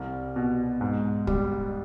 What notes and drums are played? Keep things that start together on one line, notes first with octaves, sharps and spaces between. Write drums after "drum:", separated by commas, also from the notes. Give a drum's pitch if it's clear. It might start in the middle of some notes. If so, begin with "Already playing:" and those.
Already playing: C2 G3
B2
G#2
G3, drum: kick